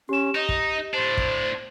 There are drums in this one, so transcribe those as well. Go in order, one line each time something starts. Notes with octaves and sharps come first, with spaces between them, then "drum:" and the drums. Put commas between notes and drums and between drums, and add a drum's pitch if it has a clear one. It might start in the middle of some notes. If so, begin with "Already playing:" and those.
C#4 G4 E7
D#4 D#5
drum: kick
A2 D4 C5
drum: kick